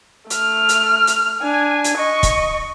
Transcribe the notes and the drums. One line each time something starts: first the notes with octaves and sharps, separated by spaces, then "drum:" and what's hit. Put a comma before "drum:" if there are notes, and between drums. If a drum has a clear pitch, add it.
A3 F6, drum: hi-hat
drum: hi-hat
drum: hi-hat
D4 G#5
drum: hi-hat
D#5 C#6
drum: kick, hi-hat